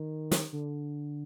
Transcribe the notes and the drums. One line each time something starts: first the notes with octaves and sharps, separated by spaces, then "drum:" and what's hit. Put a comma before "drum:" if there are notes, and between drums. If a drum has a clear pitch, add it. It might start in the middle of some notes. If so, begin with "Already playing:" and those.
Already playing: D#3
drum: snare
D3